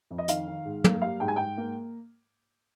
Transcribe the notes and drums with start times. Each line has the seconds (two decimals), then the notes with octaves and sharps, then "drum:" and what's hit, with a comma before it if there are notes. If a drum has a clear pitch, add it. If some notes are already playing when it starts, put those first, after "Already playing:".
0.11 F2
0.18 D#5
0.28 D#3 F5, drum: hi-hat
0.48 D#3
0.65 G#2
0.84 A#3, drum: tom
1.02 G3 F5
1.20 G#2 G5
1.28 G#5
1.36 G#2 G5
1.57 A#3